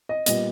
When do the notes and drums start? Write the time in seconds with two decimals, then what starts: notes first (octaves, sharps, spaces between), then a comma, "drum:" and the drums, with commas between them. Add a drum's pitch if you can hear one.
0.09 D#5
0.26 A#2 G3 B3 D#5, drum: hi-hat